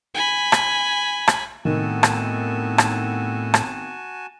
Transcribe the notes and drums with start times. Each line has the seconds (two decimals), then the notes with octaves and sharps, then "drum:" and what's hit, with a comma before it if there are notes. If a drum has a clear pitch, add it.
0.14 G#5 B5
0.52 drum: rim click
1.28 drum: rim click
1.65 A2 D#3 B3 C4 F#4 G#5 A5
2.03 drum: rim click
2.78 drum: rim click
3.54 drum: rim click